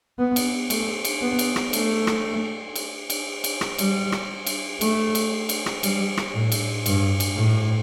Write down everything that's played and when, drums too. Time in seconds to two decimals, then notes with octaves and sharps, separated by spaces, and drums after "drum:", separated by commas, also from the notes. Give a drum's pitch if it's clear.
0.18 B3
0.36 drum: cymbal
0.70 A3, drum: cymbal
1.05 drum: cymbal
1.21 B3
1.39 drum: cymbal
1.56 drum: rim click
1.73 A3, drum: cymbal
2.07 drum: rim click
2.76 drum: cymbal
3.10 drum: cymbal
3.44 drum: cymbal
3.61 drum: rim click
3.78 G3, drum: cymbal
4.12 drum: rim click
4.46 drum: cymbal
4.81 A3, drum: cymbal
5.15 drum: cymbal
5.49 drum: cymbal
5.66 drum: rim click
5.83 G3, drum: cymbal
6.17 drum: rim click
6.35 A2
6.52 drum: cymbal
6.86 G2, drum: cymbal
7.20 drum: cymbal
7.37 A2